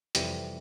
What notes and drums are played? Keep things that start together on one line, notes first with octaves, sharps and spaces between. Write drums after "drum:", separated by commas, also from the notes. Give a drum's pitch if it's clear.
F2 C3 E3 G3, drum: hi-hat